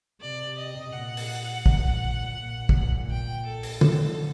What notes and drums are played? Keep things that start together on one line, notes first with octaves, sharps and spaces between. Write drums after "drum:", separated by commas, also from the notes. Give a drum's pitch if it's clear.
C3 D5
D#5
A#2 F#5
drum: open hi-hat
A#2, drum: kick
A#2
drum: kick
G5
A4
drum: open hi-hat
D3 A4, drum: tom